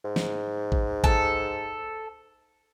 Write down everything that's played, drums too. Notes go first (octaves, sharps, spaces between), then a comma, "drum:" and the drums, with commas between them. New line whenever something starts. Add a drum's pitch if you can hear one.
G#2
drum: snare
drum: kick A1
A4, drum: kick A1